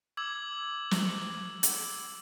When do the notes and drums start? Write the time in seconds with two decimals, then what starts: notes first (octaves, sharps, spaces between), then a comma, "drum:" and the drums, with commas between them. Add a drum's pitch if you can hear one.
0.17 D6 E6 G#6 F#7
0.91 drum: snare
1.63 drum: hi-hat